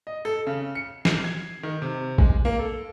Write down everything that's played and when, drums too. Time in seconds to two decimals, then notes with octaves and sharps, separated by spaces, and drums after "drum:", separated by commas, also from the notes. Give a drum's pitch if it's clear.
0.07 D#5
0.25 A4
0.47 C#3
0.75 C#7
1.05 C7, drum: snare
1.24 G#6
1.63 D#3
1.82 C3
2.18 G#3, drum: kick A#1
2.45 A#3
2.59 A4